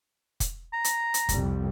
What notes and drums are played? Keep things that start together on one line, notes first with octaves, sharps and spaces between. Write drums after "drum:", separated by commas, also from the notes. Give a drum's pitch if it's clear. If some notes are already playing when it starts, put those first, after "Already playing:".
drum: kick, hi-hat
A#5
drum: hi-hat
drum: hi-hat
C2 F2 G3, drum: kick, hi-hat